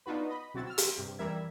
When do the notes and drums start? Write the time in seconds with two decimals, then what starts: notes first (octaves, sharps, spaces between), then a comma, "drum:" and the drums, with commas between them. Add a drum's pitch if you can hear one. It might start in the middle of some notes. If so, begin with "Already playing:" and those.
0.06 B3 D4 D#4 F4 F#4 B4
0.29 D#5 B5
0.54 B2 F#3 C4 E4 F#4 A6
0.66 E6 F6
0.78 drum: hi-hat
0.97 G2 C3
1.19 F2 E3 G3 A#4 E5 G#6